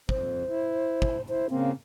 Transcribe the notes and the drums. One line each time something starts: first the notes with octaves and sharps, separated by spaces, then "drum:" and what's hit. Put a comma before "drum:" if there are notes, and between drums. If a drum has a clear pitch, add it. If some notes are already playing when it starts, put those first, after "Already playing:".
F2 C5, drum: kick
E4
drum: kick
E4 C5
C#3 A#3 C4